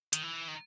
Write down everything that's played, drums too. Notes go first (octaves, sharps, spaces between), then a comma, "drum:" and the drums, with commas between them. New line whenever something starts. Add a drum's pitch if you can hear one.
D#3, drum: hi-hat
E3
D#3